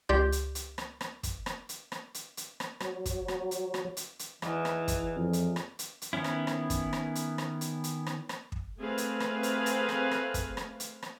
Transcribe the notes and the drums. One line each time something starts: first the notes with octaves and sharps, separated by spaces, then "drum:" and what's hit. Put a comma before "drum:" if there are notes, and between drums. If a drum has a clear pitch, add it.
C#2 G4 D5 C6 G6
drum: hi-hat
drum: hi-hat
drum: rim click
drum: rim click
drum: kick, hi-hat
drum: rim click
drum: hi-hat
drum: rim click
drum: hi-hat
drum: hi-hat
drum: rim click
F#3, drum: rim click
drum: kick, hi-hat
drum: rim click
drum: hi-hat
drum: rim click
drum: hi-hat
drum: hi-hat
E2 E3 D#4, drum: rim click
drum: rim click
drum: kick, hi-hat
F2
drum: hi-hat
drum: rim click
drum: hi-hat
drum: hi-hat
D#3 B3 C#4 E4
drum: rim click
drum: rim click
drum: kick, hi-hat
drum: rim click
drum: hi-hat
drum: rim click
drum: hi-hat
drum: hi-hat
drum: rim click
drum: rim click
drum: kick
A3 C4 G#4 B4 F5
drum: hi-hat
drum: rim click
drum: hi-hat
drum: hi-hat
drum: rim click
drum: rim click
drum: kick, hi-hat
drum: rim click
drum: hi-hat
drum: rim click